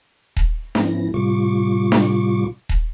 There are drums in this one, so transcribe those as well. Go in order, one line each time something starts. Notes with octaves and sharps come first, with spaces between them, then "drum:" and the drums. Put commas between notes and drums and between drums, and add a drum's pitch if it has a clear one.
drum: kick D#1
G#2 F3 B3 C#4 E4 A#6, drum: snare D4
A2 C3 G3 F4 C#6 D6
drum: snare D4
drum: kick D#1